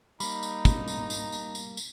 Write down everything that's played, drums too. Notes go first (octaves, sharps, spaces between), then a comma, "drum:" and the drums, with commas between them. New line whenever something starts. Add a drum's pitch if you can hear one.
G3 A#3 D#4 A#5 B5, drum: tambourine
drum: tambourine
drum: kick, tambourine
drum: tambourine
drum: tambourine
drum: tambourine
drum: tambourine
drum: tambourine